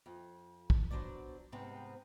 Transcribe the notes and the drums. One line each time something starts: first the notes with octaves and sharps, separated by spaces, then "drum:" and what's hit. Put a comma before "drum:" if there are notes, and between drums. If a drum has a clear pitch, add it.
F2
drum: kick
B2 F#3 D4 C5 D5
G#2 C3 G3 B3 C4